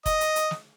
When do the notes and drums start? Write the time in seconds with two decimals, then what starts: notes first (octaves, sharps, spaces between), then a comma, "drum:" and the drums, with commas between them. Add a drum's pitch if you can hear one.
0.06 D#5, drum: kick F1, hi-hat
0.21 drum: hi-hat
0.36 drum: hi-hat
0.51 drum: snare